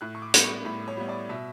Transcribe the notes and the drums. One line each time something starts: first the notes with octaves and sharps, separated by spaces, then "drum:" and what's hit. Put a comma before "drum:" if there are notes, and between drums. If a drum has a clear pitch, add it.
A2 F#6
C#6
D6
G3 B3, drum: hi-hat
C#6
A2 B5
C#5
G3 B3
D5
B2 E5